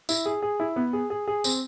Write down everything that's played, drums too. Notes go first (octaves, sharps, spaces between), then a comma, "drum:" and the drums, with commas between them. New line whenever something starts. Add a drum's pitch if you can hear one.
E4, drum: tambourine
G#4
G#4
E4
B3
G#4
G#4
G#4
C4, drum: tambourine